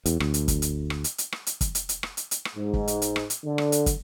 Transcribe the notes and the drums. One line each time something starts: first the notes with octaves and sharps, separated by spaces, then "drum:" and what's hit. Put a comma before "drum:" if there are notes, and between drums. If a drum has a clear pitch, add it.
E2, drum: hi-hat
D2, drum: rim click
drum: hi-hat
drum: kick, hi-hat
drum: hi-hat
drum: rim click
drum: hi-hat
drum: hi-hat
drum: rim click
drum: hi-hat
drum: kick, hi-hat
drum: hi-hat
drum: hi-hat
drum: rim click
drum: hi-hat
drum: hi-hat
drum: rim click
G#2
drum: kick
drum: hi-hat
drum: hi-hat
drum: rim click
drum: hi-hat
D3
drum: rim click
drum: hi-hat
drum: kick, hi-hat